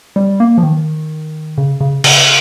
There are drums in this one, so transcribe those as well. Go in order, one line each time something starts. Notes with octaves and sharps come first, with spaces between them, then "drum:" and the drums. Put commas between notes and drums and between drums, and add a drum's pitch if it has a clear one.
G3
A#3
F3
D#3
C#3
C#3
C#3, drum: cymbal